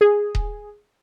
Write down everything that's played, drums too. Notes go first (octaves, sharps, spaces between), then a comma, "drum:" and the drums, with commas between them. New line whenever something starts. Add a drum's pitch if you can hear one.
G#4
drum: kick D#1